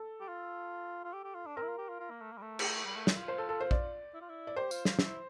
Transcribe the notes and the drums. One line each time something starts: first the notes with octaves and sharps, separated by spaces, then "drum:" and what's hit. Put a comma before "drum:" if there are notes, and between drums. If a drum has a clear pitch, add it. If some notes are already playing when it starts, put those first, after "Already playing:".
Already playing: A4
G4
F4
F4
G4
G4
F4
D4
C4 A#4
E4
F4
G4
F4
F4
A#3
A3
A#3
G3
A3
drum: cymbal
G3
A3
E4, drum: snare
F4
C5
A4
A4
C5
D5, drum: kick A#1
E4
F4
E4
D5
G4 C5
F4, drum: tambourine
F4, drum: snare
E4, drum: snare